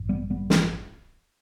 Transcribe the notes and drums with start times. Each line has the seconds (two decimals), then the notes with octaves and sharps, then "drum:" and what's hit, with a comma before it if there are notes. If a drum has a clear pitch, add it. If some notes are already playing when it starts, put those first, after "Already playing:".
Already playing: A1 G2
0.09 G3 B3
0.30 G3 B3
0.50 drum: snare